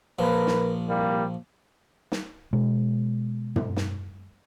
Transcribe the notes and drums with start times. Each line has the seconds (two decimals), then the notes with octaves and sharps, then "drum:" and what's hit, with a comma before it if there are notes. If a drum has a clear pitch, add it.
0.19 A#1 F3 A#4 B4
0.47 drum: snare
0.88 C2 G3 A#3
2.12 drum: snare
2.53 B2 G#3
3.56 drum: tom
3.76 drum: snare